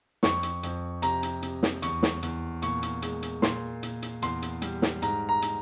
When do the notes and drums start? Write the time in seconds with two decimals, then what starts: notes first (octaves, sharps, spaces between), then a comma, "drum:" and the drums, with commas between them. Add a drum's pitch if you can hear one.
0.23 F2 C#6, drum: snare
0.43 drum: hi-hat
0.63 F2, drum: hi-hat
1.02 C3 A#5, drum: hi-hat
1.23 drum: hi-hat
1.42 C3, drum: hi-hat
1.63 drum: snare
1.82 E2 C#6, drum: hi-hat
2.03 drum: snare
2.23 E2, drum: hi-hat
2.62 A#2 C#6, drum: hi-hat
2.83 drum: hi-hat
3.02 G#3, drum: hi-hat
3.22 drum: hi-hat
3.42 A#2 C6, drum: snare
3.83 A#2, drum: hi-hat
4.02 drum: hi-hat
4.22 E2 C6, drum: hi-hat
4.42 drum: hi-hat
4.62 G3, drum: hi-hat
4.82 drum: snare
5.02 G#2 A#5, drum: hi-hat
5.29 A#5
5.42 drum: hi-hat